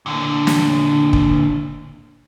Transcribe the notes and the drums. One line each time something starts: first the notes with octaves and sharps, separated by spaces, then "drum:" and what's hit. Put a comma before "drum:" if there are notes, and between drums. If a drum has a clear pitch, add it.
A#2 D3
drum: snare
drum: kick